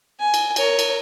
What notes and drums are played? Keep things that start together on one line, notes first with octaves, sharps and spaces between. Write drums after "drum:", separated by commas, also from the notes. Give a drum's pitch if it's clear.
G#5
drum: cymbal
A#4 C#5, drum: cymbal
drum: cymbal